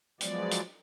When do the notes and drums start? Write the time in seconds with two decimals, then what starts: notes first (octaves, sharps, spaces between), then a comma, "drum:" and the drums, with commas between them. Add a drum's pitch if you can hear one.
0.21 F3 F#3 G#3 B3 D5, drum: hi-hat
0.51 drum: hi-hat